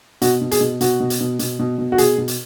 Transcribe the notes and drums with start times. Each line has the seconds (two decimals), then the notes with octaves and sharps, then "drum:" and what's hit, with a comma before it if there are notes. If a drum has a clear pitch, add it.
0.22 B2 F#4, drum: hi-hat
0.41 B2
0.51 G#4, drum: hi-hat
0.61 B2
0.81 B2 F#4, drum: hi-hat
1.00 B2
1.10 drum: hi-hat
1.21 B2
1.39 B2, drum: hi-hat
1.59 B2
1.78 B2
1.92 F#4
1.98 B2 G#4, drum: hi-hat
2.18 B2
2.28 drum: hi-hat